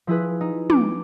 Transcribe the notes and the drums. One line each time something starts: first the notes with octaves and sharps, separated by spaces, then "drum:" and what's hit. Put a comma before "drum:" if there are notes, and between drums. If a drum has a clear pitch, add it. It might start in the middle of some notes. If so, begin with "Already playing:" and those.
F3 E4 G#4 B4
D#4
D6, drum: tom